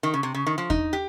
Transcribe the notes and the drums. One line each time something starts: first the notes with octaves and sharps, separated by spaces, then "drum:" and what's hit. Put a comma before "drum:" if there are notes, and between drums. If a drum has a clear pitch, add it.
D#3
C#3
C3
C#3
D#3
F3
D#4, drum: kick E2
G4